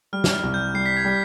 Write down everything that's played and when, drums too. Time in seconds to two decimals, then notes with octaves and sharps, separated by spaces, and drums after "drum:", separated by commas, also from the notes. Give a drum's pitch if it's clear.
0.13 G3 F6
0.24 drum: snare
0.33 F6
0.43 C2
0.54 G6
0.74 G3 C7
0.86 B6
0.97 G#6
1.05 G3 B6